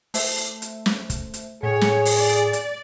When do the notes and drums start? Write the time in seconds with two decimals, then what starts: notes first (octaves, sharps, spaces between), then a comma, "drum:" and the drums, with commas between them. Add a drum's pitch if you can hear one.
0.14 A3 C5 E5, drum: open hi-hat
0.38 drum: hi-hat
0.62 drum: hi-hat
0.86 drum: snare
1.10 drum: kick, hi-hat
1.34 drum: hi-hat
1.63 A2 G#4 C#5
1.81 drum: snare
2.05 drum: open hi-hat
2.15 D5
2.29 drum: hi-hat
2.53 drum: hi-hat